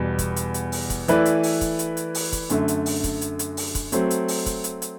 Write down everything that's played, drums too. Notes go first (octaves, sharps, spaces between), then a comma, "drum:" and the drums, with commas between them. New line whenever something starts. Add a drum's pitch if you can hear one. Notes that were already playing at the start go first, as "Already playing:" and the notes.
Already playing: E2 B2 G3
drum: kick, hi-hat
drum: hi-hat
drum: hi-hat
drum: open hi-hat
drum: kick, hi-hat
E3 A3 E4 B4 D5, drum: hi-hat
drum: hi-hat
drum: open hi-hat
drum: kick, hi-hat
drum: hi-hat
drum: hi-hat
drum: open hi-hat
drum: kick, hi-hat
F#2 D3 A3, drum: hi-hat
drum: hi-hat
drum: open hi-hat
drum: kick, hi-hat
drum: hi-hat
drum: hi-hat
drum: open hi-hat
drum: kick, hi-hat
F#3 A3 C4, drum: hi-hat
drum: hi-hat
drum: open hi-hat
drum: kick, hi-hat
drum: hi-hat
drum: hi-hat